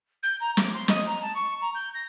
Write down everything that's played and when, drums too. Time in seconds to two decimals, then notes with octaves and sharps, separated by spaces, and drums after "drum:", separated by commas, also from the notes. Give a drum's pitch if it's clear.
0.23 G6
0.40 A#5
0.57 D6, drum: snare
0.74 C6
0.88 D#5, drum: snare
1.07 A#5
1.21 A5
1.34 C#6
1.61 A#5
1.74 G6
1.94 A#6